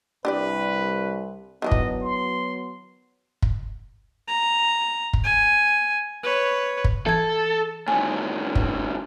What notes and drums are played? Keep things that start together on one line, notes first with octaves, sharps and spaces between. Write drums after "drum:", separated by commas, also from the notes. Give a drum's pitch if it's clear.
C2 D4 G4 B4 D5
D#3 E3 F#3 B3 D4 D#5
drum: kick
C6
drum: kick
A#5
drum: kick
G#5
B4 C#5
drum: kick
E3 A4 G#6
A2 D#3 G#5
drum: kick